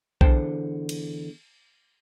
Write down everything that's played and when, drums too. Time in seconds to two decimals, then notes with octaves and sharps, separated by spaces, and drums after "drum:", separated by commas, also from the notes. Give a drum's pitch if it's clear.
0.21 E2 D3 C5 G5 A5, drum: kick B1
0.89 drum: cymbal